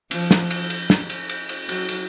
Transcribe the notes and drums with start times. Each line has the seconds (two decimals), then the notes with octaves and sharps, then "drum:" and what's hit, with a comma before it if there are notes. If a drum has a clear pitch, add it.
0.11 F3, drum: cymbal
0.31 drum: snare
0.50 drum: cymbal
0.70 drum: cymbal
0.90 drum: snare
1.10 drum: cymbal
1.29 drum: cymbal
1.49 drum: cymbal
1.69 F#3, drum: cymbal
1.89 drum: cymbal